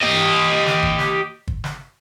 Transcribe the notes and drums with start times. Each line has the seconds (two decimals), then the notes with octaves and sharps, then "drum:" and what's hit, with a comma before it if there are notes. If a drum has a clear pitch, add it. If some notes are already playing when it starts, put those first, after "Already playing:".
0.01 G4 D#5
0.66 drum: snare
0.83 drum: kick
0.99 drum: snare
1.48 drum: kick
1.64 drum: snare